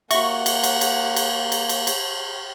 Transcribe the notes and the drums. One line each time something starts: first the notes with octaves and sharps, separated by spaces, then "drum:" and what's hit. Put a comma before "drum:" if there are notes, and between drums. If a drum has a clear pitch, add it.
A#3 F#4 E5 F#5 C#6, drum: cymbal
drum: cymbal
drum: cymbal
drum: cymbal
drum: cymbal
drum: cymbal
drum: cymbal
drum: cymbal